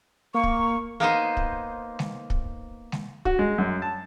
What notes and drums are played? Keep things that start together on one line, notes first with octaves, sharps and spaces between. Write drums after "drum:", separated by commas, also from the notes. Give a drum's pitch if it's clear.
A#3 C#6
drum: kick
A#3 B3 D#4 C5
drum: kick
drum: snare G#3
drum: kick
drum: snare G#3
F#4, drum: kick
G#3
F#2
A5